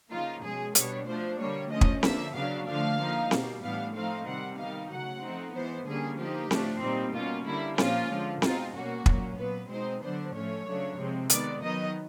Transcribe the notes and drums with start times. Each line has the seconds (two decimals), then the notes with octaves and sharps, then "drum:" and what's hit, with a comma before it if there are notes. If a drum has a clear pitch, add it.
0.11 C#3 F3 A#3 D#4 F4
0.43 B2 G#3 C#4 G#4
0.75 B2 G3 B3 D4 C#5, drum: hi-hat
1.07 F3 A3 D4 C5
1.39 D3 G3 A#3 C#5
1.71 F3 A3 C#4 D#5
1.81 drum: kick
2.03 D3 F3 A#3 E5, drum: snare C4
2.35 C#3 F#3 B3 D4 F5
2.67 D3 F3 A3 D4 F5
2.99 F3 A#3 D#4
3.31 B2 G3 A#3, drum: snare C4
3.63 A2 E3 G3 B3 D4 F5
3.95 F3 A3 C4 D#4 F5
4.27 C3 D#3 G3 C4 F#5
4.59 D#3 G3 B3 D#4 F5
4.91 C#3 F#3 A3 F#5
5.22 F3 A3 C4 D#4
5.55 E3 G#3 B3 C5
5.87 D3 G3 A#3 C#4 G#4
6.18 F3 A#3 D#4 G4
6.51 A2 F3 A3 D4, drum: snare C4
6.82 A#2 G3 C4 D#4
7.15 B2 G3 A#3 C#4 F4
7.46 D3 G3 A#3 E4
7.78 A#2 F3 A#3 C#4 F4, drum: snare C4
8.10 D3 F3 G#3
8.42 B2 G#3 C4 D#4 F4, drum: snare C4
8.75 B2 G3 A#3 C#4 F#4
9.06 A#2 F#3 A#3 C#4, drum: kick
9.38 A#2 F#3 B3 B4
9.70 B2 G#3 C4 D#4 C5
10.02 D3 F#3 B3 D4 C5
10.34 A2 F3 A3 C#4 C#5
10.67 C#3 F#3 A3 D4
10.98 C3 F3 G#3 C4
11.30 D#3 G#3 B3 D5, drum: hi-hat
11.62 D#3 F#3 B3 D#4 D#5